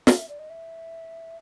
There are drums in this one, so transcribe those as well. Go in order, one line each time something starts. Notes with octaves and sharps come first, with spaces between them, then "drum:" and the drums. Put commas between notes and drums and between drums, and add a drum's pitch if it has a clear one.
F5, drum: snare
E5
D5
D#5
E5